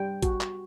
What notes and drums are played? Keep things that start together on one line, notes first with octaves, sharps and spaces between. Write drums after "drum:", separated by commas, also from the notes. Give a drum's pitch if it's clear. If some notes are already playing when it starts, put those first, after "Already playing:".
Already playing: G3 G5
F#4, drum: kick A1, hi-hat
drum: clap